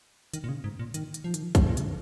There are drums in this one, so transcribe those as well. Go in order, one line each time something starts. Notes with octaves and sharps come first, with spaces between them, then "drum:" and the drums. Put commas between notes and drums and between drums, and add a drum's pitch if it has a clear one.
D#3, drum: hi-hat
A#2
C#3
G#2
A#2
D#3, drum: hi-hat
drum: hi-hat
F3
D#3, drum: hi-hat
F3
F3, drum: kick, hi-hat
A#2
C#3, drum: hi-hat
D#3